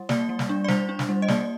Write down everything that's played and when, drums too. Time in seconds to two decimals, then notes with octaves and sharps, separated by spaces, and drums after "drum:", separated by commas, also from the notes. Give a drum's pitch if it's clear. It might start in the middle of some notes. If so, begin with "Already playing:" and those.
Already playing: G3
0.09 A#3 D5, drum: snare
0.29 G3
0.39 drum: snare
0.49 D4
0.64 D5
0.68 G3 C5, drum: snare
0.89 D4
0.99 drum: snare
1.09 G3
1.22 D#5
1.28 A#3 D5, drum: snare